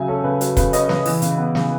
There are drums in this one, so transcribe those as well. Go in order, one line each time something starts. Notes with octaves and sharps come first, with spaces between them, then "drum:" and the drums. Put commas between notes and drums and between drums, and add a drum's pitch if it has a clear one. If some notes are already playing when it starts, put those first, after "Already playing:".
Already playing: C#3 F#3 E5 G#5
C#4 A4
C#3 B4
F#3 B4, drum: hi-hat
C#3 B4, drum: kick, hi-hat
C#4 B4 D#5, drum: hi-hat
C#3 B4, drum: snare
E3, drum: open hi-hat
C#3, drum: hi-hat
B3
C#3, drum: snare